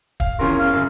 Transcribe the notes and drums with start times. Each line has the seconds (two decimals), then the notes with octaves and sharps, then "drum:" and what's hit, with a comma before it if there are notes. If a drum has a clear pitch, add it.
0.20 F5, drum: kick
0.39 E2 C#4 F4 A#4
0.59 F5
0.73 F#2 C#3